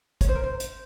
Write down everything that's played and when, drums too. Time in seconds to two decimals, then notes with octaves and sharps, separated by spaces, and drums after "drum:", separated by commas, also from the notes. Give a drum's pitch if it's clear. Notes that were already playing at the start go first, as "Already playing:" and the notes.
0.21 C#5, drum: kick, hi-hat
0.29 C5
0.35 A#4
0.43 C5
0.60 drum: hi-hat